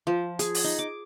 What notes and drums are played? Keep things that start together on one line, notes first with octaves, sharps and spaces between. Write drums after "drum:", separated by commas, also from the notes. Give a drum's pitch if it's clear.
F3
G#4, drum: hi-hat
drum: open hi-hat
D#4
D6